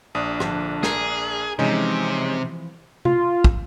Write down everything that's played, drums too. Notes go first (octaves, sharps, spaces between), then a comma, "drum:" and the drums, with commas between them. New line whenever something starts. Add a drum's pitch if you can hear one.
A#1 D4 D#6
D3 F3, drum: rim click
G#4 A#4, drum: snare
C3 E3 F3 G#3 C#4 D#4
F4, drum: tom C3
drum: kick